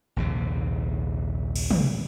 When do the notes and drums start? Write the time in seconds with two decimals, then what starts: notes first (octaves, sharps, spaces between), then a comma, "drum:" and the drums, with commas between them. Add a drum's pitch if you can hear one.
0.16 A#1 D#2 C3
1.56 drum: cymbal
1.71 drum: tom